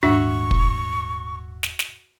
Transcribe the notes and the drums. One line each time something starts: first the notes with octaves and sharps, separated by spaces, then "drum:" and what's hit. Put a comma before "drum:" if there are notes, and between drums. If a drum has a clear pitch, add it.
D#1 G#2 D4 F#4 E5 C#6
drum: kick
drum: snare
drum: snare